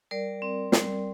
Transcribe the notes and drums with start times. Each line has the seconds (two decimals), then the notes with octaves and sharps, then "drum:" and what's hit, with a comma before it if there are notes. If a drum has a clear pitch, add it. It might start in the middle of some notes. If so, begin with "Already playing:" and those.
0.11 G3 A#4 D5
0.42 C4
0.72 G3, drum: snare